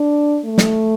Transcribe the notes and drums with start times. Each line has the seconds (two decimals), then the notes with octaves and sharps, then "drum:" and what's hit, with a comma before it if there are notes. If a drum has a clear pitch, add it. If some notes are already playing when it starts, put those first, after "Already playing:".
Already playing: D4
0.45 A3
0.58 drum: snare